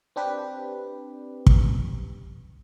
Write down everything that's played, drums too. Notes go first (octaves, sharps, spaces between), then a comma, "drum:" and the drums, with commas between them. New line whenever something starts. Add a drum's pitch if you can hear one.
C4 D4 G4 B4
drum: kick